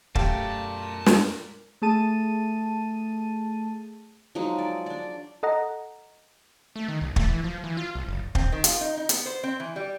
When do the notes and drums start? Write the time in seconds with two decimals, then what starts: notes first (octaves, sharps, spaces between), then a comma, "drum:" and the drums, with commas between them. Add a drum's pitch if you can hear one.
0.15 F#2 A3 G4 A#4 D5 F5 A5, drum: kick
1.06 drum: snare
1.82 A3 G#4 A5 D#7
4.35 F3 F#3 G#3 D#4
4.58 D5
4.86 D4 D5
5.43 A4 D#5 F#5 A#5
6.76 A3
6.88 D#3
7.01 C2
7.16 A3, drum: kick
7.29 E3
7.44 F3
7.64 E3
7.77 F4
7.95 C2
8.09 F#1
8.35 C4, drum: kick
8.52 D#3
8.64 F4, drum: hi-hat
8.81 D#4
8.97 D#4
9.09 B3, drum: hi-hat
9.26 C5
9.43 C4
9.60 E3
9.76 G3